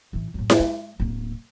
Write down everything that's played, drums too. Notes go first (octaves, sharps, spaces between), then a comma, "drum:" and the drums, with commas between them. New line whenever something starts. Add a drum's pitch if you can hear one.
A1 E3
F#2 A2
drum: snare E4
G#3
D1 A#3